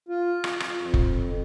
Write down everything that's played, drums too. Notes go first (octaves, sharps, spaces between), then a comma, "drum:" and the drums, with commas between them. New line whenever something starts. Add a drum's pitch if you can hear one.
F4
drum: rim click
drum: rim click
F2
drum: kick F1